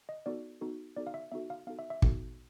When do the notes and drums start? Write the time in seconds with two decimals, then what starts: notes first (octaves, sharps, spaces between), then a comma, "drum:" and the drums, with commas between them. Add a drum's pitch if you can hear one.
0.09 D#5
0.26 B3 D#4 F#4 A4 D5
0.61 B3 D#4 F#4 A4
0.97 B3 D#4 F#4 A4 D5
1.07 F5
1.14 E5
1.32 B3 D#4 F#4 A4 E5
1.50 F5
1.67 B3 D#4 F#4 A4 F5
1.79 E5
1.90 E5
2.02 B3 D#4 F#4 A4, drum: kick